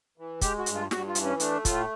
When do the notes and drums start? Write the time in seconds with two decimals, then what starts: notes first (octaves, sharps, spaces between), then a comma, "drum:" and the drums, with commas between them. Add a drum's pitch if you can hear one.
0.18 E3
0.41 G#3 G4, drum: kick, hi-hat
0.58 F#4
0.66 G2, drum: hi-hat
0.74 F4
0.91 G2 F#4, drum: snare
1.07 F4
1.15 E3, drum: hi-hat
1.24 C#4
1.40 A3 D4, drum: hi-hat
1.65 A2 F4, drum: kick, hi-hat